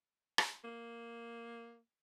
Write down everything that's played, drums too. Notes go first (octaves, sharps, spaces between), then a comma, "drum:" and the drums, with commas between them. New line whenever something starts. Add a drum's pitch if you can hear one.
drum: rim click
A#3